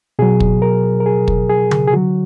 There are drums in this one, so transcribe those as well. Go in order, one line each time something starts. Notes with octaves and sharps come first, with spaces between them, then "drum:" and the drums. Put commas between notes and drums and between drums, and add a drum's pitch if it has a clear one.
B2 F#3 G#4
drum: kick
A#4
A#4
G#4
drum: kick
G#4
drum: tom C#3
G#4
D3 F#3 F#4